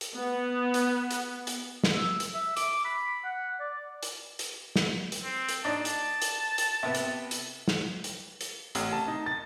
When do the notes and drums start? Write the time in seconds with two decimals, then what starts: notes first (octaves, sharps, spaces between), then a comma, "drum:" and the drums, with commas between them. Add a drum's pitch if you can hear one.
0.01 drum: hi-hat
0.17 B3
0.74 drum: hi-hat
1.11 drum: hi-hat
1.47 drum: hi-hat
1.84 drum: snare
1.95 E6
2.20 drum: hi-hat
2.34 E5
2.57 D6, drum: hi-hat
2.85 B5
3.25 F#5
3.60 D5
4.03 drum: hi-hat
4.39 drum: hi-hat
4.76 drum: snare
5.12 drum: hi-hat
5.24 C4
5.49 drum: hi-hat
5.65 D4 D#4 D5 A5
5.85 drum: hi-hat
6.22 drum: hi-hat
6.58 drum: hi-hat
6.83 C3 B3
6.95 drum: hi-hat
7.31 drum: hi-hat
7.68 drum: snare
8.04 drum: hi-hat
8.41 drum: hi-hat
8.75 A1, drum: hi-hat
8.92 A5
9.08 D#4
9.26 A6